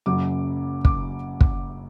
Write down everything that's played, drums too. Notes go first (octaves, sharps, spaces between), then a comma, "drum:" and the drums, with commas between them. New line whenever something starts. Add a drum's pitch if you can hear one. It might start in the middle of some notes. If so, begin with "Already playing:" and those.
F#1 F#2 C#3 F#3 D6
D6, drum: kick
drum: kick